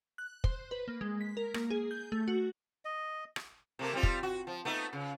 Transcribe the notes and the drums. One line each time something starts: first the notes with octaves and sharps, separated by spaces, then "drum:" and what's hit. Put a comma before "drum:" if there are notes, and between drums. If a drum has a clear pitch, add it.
F#6
C5, drum: kick
B4
A#3
G#3
B6
A#4
A#3, drum: rim click
G#4
G6
A3
F#4
D#5
drum: rim click
C3 A3 A#3
G3 C4 F4
drum: kick
F#4
F3
A3 B3 D#4
C#3